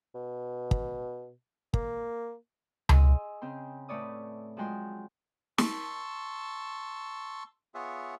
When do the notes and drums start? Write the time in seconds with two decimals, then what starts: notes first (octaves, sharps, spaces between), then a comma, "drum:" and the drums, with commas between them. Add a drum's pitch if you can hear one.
0.15 B2
0.71 drum: kick
1.74 A#3, drum: kick
2.89 G#4 D#5 C6 E6, drum: tom C#2
3.41 C#3 C4 G5 C6
3.89 A2 A3 B4 C#5 D5 D#6
4.57 F3 F#3 G#3 G5 C6
5.58 A5 C6 C#6 E6, drum: snare
7.75 B3 F4 G#4 C#5 E5 F#5